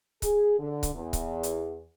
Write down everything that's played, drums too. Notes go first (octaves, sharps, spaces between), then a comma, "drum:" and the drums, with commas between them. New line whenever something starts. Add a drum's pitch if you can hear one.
G#4, drum: kick C#1, hi-hat
D3
drum: kick C#1, hi-hat
E2
drum: kick C#1, hi-hat
drum: hi-hat